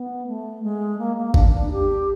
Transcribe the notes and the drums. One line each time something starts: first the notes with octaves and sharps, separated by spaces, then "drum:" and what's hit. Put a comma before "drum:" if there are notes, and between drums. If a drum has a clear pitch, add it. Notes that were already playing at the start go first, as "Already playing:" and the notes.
Already playing: B3
A3
G#3
A#3
A#3
D4, drum: kick G#1
D4
G4